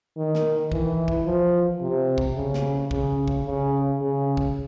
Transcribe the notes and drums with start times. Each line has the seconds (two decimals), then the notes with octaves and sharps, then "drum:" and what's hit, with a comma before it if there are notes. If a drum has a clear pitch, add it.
0.17 D#3
0.35 drum: snare
0.72 E3, drum: kick
1.08 drum: kick
1.26 F3
1.81 C3
2.18 drum: kick
2.36 C#3
2.54 drum: snare
2.91 C#3, drum: kick
3.28 drum: kick
3.46 C#3
4.01 C#3
4.37 drum: kick